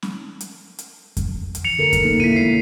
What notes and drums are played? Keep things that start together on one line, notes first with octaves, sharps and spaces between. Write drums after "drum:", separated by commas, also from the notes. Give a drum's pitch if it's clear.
drum: snare C#4
drum: hi-hat
drum: hi-hat
drum: kick F2, hi-hat
drum: hi-hat
E3 C#7 F7
D3 A4 A#4
C#4, drum: kick F2, hi-hat
A#3 D#4
B2 E4 B6 D#7
G#3 C#5 C7